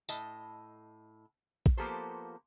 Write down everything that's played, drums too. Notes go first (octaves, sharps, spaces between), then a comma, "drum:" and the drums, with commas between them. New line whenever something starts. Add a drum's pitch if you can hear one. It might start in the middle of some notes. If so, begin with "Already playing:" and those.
A2 D#5 A5, drum: tambourine
drum: kick
F3 A#3 B3 G4 A4 C5